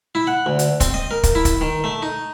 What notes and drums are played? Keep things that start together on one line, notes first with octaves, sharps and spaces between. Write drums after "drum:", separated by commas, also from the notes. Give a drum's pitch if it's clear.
E4
F#5
D2
drum: hi-hat
C4, drum: kick, hi-hat
D#5
A#4
drum: kick, hi-hat
E4
drum: kick, hi-hat
D#3
A3
D#4